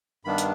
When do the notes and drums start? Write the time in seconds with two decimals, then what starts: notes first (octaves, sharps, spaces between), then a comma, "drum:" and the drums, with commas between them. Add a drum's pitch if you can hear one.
0.25 G2 D#3 G3 B3 D4 B5
0.38 drum: hi-hat